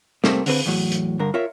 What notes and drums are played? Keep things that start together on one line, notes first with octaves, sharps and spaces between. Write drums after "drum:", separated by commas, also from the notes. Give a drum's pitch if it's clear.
C3 G3 A3 A#3 C4, drum: snare
D3 C4 B4, drum: open hi-hat
E2 A2 F#3
drum: hi-hat
G2 D3 A#4
F4 A#4 C#5 E5